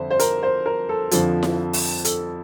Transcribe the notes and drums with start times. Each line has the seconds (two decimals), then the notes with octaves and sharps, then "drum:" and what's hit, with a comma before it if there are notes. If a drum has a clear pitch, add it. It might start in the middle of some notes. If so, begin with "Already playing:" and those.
Already playing: F2 D3 C5 E5
0.11 C5
0.19 A#4, drum: hi-hat
0.43 C5
0.66 A#4
0.89 A4
1.11 F2 D3 F3, drum: hi-hat
1.43 drum: snare E4
1.73 drum: open hi-hat
2.05 A4, drum: hi-hat